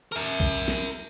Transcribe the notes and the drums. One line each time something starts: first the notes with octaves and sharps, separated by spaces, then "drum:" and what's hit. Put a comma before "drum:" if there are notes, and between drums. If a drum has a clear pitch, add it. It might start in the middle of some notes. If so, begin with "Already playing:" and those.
A#4 E5
drum: kick
drum: snare